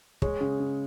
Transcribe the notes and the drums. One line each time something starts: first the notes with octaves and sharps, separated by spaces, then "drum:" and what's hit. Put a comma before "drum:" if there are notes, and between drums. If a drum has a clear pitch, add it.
G#3 C#5, drum: kick
C#3
C#3